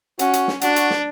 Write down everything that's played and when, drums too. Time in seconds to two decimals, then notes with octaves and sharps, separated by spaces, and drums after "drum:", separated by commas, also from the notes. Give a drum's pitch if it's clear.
0.19 C#4 F#4, drum: hi-hat
0.33 drum: hi-hat
0.48 drum: snare
0.61 D4 F#4, drum: hi-hat
0.76 drum: hi-hat
0.90 drum: snare